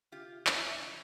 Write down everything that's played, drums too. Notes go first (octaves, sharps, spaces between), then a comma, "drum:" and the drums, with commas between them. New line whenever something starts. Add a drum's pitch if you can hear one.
C3 F4 G4
C3 D4 E4, drum: clap
E3 D#4 F4